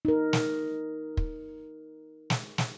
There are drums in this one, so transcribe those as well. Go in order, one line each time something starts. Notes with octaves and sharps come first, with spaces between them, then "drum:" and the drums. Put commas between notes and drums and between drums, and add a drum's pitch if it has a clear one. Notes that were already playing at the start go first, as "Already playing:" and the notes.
D#4 A#4
drum: snare
drum: kick
drum: snare
drum: snare